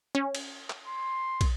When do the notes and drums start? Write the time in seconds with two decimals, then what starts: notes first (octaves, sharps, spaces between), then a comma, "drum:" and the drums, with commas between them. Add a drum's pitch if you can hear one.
0.15 C#4
0.35 drum: cymbal
0.70 drum: clap
0.88 C6
1.41 drum: kick, cymbal